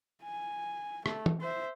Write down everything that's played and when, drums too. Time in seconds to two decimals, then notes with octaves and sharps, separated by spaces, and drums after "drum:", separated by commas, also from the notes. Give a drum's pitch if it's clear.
0.23 G#5
1.06 A3, drum: rim click
1.26 drum: tom
1.41 C5 E5